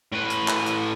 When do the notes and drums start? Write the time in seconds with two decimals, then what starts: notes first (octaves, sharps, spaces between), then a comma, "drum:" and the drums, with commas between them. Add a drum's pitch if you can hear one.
0.12 A2 B4
0.30 drum: hi-hat
0.48 drum: clap
0.66 drum: hi-hat